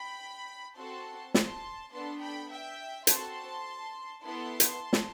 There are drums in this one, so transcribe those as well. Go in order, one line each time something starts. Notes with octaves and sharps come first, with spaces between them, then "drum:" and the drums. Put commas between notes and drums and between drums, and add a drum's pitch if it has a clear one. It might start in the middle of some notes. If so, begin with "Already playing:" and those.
Already playing: G5 B5
C4 F#4 A4 A5 C6
A5 C6, drum: snare
B3 D4 A4 A5 C6
G5 B5
E5 G5
C4 F#4 A4 A5 C6, drum: hi-hat
B3 E4 A4 A5 C6
drum: hi-hat
drum: snare